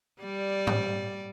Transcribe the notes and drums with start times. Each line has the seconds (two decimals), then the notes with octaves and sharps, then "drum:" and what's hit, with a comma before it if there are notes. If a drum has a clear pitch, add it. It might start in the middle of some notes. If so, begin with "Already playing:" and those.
0.21 G3 D5
0.67 drum: tom G#2